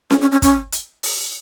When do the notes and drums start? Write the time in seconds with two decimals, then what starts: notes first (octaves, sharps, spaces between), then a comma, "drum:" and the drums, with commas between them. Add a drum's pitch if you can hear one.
0.10 C#4, drum: snare C#4
0.21 C#4
0.32 C#4
0.42 C#4, drum: kick, hi-hat
0.72 drum: hi-hat
1.03 drum: open hi-hat